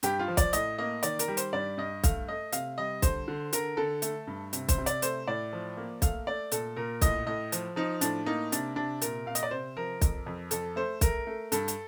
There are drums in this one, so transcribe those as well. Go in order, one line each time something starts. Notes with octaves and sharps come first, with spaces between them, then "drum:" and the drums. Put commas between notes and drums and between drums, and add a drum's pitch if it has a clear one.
G2 G4, drum: hi-hat
F4
F3
D5, drum: kick B1, hi-hat
A2 D#5, drum: hi-hat
A#3 D#5
D#3 D5, drum: hi-hat
A#4, drum: hi-hat
G3
C5, drum: hi-hat
G2 D5
G2 D#5
A3 F5, drum: kick B1, hi-hat
A3 D#5
C3 F5, drum: hi-hat
G3 D#5
D3 C5, drum: kick B1, hi-hat
D3
D3 A#4, drum: hi-hat
D3 A4
A3, drum: hi-hat
G2
C3, drum: hi-hat
C5, drum: kick B1, hi-hat
C3
D5, drum: hi-hat
A3 C5, drum: hi-hat
A2 D5
F3
A#3
A3 F5, drum: kick B1, hi-hat
A3 D5
A#2 A4, drum: hi-hat
A#2 A#4
A2 D#5, drum: kick B1, hi-hat
A2 D#5
F3, drum: hi-hat
F3 D#4
A2 D4, drum: hi-hat
A#3 D#4
C3 D4, drum: hi-hat
C3 D4
A#2 A#4, drum: hi-hat
A#2 F5
D#5, drum: hi-hat
D5
C3 C5
F3 A#4
F2, drum: kick B1, hi-hat
F2
F2 A4, drum: hi-hat
A3 C5
A3 A#4, drum: kick B1, hi-hat
A3
G2 A4, drum: hi-hat
drum: hi-hat